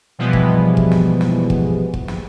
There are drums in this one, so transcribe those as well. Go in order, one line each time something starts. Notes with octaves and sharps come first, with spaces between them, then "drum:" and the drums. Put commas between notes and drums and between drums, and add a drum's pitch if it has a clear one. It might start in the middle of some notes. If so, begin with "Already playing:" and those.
B2 E3 F3 G3 G#3 B3
drum: kick
drum: kick
drum: snare
drum: snare
drum: kick
drum: kick
drum: snare